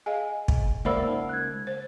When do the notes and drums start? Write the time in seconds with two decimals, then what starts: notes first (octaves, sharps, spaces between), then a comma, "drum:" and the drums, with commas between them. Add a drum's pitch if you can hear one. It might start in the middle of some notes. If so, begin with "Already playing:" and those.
0.06 G#4 D#5 F5 G#5
0.48 drum: kick
0.85 C#2 A#3 C5 D5 E5 F#5 B5 E6
1.07 D#4
1.29 F#6 G#6
1.67 C5